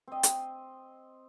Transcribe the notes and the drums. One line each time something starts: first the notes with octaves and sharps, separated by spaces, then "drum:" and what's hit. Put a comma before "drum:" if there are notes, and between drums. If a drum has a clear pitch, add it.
C4 D#5
drum: hi-hat